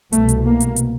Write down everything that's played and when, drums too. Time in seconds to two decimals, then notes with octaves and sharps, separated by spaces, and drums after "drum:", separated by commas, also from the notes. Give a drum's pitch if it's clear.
0.13 C2 B2 A3, drum: hi-hat
0.29 drum: hi-hat
0.45 A#3
0.60 drum: hi-hat
0.76 drum: hi-hat